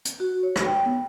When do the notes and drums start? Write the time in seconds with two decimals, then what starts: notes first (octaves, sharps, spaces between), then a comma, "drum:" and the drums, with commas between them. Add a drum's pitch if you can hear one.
0.05 drum: hi-hat
0.20 F#4
0.43 C#5
0.56 drum: rim click
0.66 G5
0.85 B3